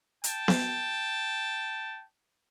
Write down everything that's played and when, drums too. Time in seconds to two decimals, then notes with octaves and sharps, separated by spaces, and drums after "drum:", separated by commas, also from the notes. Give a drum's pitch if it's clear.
0.24 G5 A5, drum: hi-hat
0.48 drum: snare B3